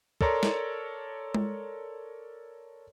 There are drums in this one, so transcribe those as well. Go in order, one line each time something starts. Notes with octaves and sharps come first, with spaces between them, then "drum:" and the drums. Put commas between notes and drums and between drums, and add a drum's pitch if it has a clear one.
A4 A#4 C#5 D5 A#5 C6, drum: kick
drum: snare
drum: tom G#3